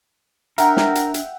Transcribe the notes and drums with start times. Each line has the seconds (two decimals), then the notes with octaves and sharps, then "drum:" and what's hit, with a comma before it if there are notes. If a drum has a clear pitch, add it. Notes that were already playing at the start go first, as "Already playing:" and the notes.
0.58 D4 A#4 E5 F#5 G5 A#5, drum: hi-hat
0.77 drum: snare
0.95 drum: hi-hat
1.14 drum: hi-hat